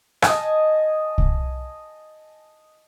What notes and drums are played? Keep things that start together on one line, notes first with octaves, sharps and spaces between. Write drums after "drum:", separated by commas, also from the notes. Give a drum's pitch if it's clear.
D#5 G#5 A5, drum: rim click
drum: kick C2